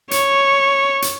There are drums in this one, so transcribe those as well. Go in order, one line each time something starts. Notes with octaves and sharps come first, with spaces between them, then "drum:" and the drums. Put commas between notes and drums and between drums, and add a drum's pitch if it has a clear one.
C#5, drum: hi-hat
drum: hi-hat